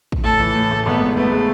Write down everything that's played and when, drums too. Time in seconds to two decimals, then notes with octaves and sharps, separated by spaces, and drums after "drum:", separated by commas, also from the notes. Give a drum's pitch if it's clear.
0.12 drum: kick
0.24 A2 A4
0.39 E3
0.55 A2
0.71 A3
0.86 G#1 B3
1.01 G#2
1.17 A3 B3
1.32 G#3